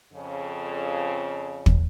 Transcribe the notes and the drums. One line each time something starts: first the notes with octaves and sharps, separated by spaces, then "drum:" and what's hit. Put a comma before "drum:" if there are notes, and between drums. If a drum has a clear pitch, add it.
F2 C#3
drum: kick